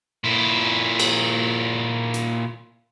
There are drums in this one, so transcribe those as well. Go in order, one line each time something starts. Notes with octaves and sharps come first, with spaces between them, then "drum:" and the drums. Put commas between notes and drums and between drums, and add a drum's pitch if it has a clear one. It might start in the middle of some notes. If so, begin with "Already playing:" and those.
A#2 E4
drum: cymbal
drum: hi-hat